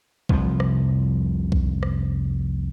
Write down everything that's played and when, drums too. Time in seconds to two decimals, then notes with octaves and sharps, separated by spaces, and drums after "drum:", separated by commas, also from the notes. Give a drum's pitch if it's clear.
0.29 F1 C2 F3, drum: kick
0.60 drum: rim click
1.52 drum: kick
1.83 drum: rim click